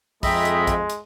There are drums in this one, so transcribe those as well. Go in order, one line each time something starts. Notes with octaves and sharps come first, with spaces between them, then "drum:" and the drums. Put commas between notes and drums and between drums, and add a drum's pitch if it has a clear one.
F2 G#3 D#5 E5 G5 A#5 B5 D#6, drum: kick, open hi-hat
drum: hi-hat
drum: kick, hi-hat
drum: hi-hat